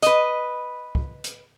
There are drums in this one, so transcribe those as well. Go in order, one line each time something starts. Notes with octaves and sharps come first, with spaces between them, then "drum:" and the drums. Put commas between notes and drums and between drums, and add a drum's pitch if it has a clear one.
B4 D#5, drum: hi-hat
drum: kick
drum: hi-hat